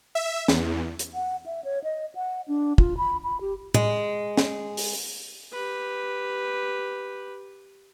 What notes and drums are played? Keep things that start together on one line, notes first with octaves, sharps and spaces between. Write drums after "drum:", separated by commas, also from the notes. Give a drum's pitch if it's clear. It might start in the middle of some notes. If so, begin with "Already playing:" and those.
E5
E2, drum: snare
drum: hi-hat
F#5
E5
C#5
D#5
F#5
D4
F4, drum: kick
B5
B5
G4
G#3, drum: tom
drum: snare
drum: open hi-hat
G4 B4